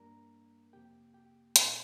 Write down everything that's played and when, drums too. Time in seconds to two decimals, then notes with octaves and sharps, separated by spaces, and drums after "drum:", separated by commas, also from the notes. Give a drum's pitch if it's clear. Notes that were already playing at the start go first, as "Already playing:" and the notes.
Already playing: G2 G3 A#3 D4 A#4 A#5
0.73 F2 C3 A#3 G4 G5
1.14 G4 G5
1.56 A#2 G3 C4, drum: hi-hat